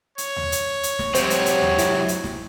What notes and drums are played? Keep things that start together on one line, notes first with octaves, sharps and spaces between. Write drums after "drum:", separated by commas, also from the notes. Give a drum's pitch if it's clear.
C#5, drum: hi-hat
drum: tom D#2
drum: hi-hat
drum: hi-hat
drum: snare
C3 F#3 C5 G6 D7, drum: hi-hat
drum: hi-hat
drum: hi-hat
drum: tom D#2
E4, drum: hi-hat
drum: hi-hat
drum: snare